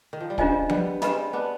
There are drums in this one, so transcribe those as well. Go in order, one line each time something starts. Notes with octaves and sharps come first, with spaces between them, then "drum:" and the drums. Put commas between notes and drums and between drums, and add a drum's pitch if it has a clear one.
D#3
F3
G3
F3 G#3 D4 F4 C5 D#5 G#5, drum: kick
G3 B3, drum: tom F3
G#3 C4 G4 B4 D#5 B5, drum: snare
B3 D4